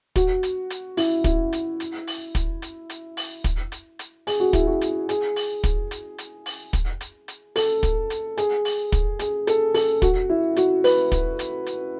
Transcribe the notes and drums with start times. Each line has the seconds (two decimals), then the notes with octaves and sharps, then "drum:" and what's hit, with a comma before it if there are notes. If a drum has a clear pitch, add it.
0.16 F#4, drum: kick, hi-hat
0.43 drum: hi-hat
0.70 drum: hi-hat
0.97 E4, drum: open hi-hat
1.24 E4, drum: kick, hi-hat
1.53 drum: hi-hat
1.80 drum: hi-hat
2.07 drum: open hi-hat
2.35 drum: kick, hi-hat
2.62 drum: hi-hat
2.90 drum: hi-hat
3.17 drum: open hi-hat
3.44 drum: kick, hi-hat
3.72 drum: hi-hat
3.99 drum: hi-hat
4.27 G#4, drum: open hi-hat
4.40 F#4
4.53 E4, drum: kick, hi-hat
4.67 F#4
4.81 drum: hi-hat
5.09 G#4, drum: hi-hat
5.36 drum: open hi-hat
5.64 drum: kick, hi-hat
5.91 drum: hi-hat
6.18 drum: hi-hat
6.46 drum: open hi-hat
6.73 drum: kick, hi-hat
7.01 drum: hi-hat
7.28 drum: hi-hat
7.56 A4, drum: open hi-hat
7.83 drum: kick, hi-hat
8.10 drum: hi-hat
8.37 G#4, drum: hi-hat
8.65 drum: open hi-hat
8.92 drum: kick, hi-hat
9.19 G#4, drum: hi-hat
9.47 A4, drum: hi-hat
9.74 A4, drum: open hi-hat
10.02 F#4, drum: kick, hi-hat
10.30 E4
10.56 F#4, drum: hi-hat
10.84 B4, drum: open hi-hat
11.12 drum: kick, hi-hat
11.39 drum: hi-hat
11.66 drum: hi-hat